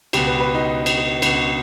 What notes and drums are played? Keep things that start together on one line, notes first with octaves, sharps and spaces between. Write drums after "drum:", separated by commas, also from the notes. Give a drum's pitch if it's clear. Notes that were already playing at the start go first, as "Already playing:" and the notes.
C#2 B2 G4, drum: cymbal
B4
B4
D#4
drum: cymbal
C#2 B2, drum: cymbal